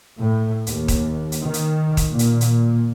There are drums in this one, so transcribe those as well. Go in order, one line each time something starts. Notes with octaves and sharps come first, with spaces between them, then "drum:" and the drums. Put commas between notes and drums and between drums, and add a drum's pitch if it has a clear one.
A2
D#2, drum: hi-hat
drum: kick D#1, hi-hat
drum: hi-hat
D#3
drum: hi-hat
drum: kick D#1, hi-hat
A#2
drum: hi-hat
drum: hi-hat